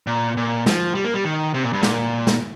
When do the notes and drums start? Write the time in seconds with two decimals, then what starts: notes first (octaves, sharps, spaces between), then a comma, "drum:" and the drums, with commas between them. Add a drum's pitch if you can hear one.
0.07 A#2
0.37 A#2
0.66 F3, drum: snare
0.95 G3
1.04 A#3
1.14 G3
1.25 D#3
1.54 C3
1.63 A#2
1.73 G2
1.83 A#2, drum: snare
2.27 drum: snare